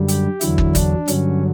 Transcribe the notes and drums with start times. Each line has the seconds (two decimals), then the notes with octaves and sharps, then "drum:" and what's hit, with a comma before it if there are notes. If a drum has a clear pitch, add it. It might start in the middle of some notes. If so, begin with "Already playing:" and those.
Already playing: F#2 D3 G3
0.08 G4, drum: hi-hat
0.41 E2 D3 F#3 E4, drum: hi-hat
0.58 drum: kick
0.75 D4, drum: kick, hi-hat
1.08 G2 D3 F#3 C#4, drum: hi-hat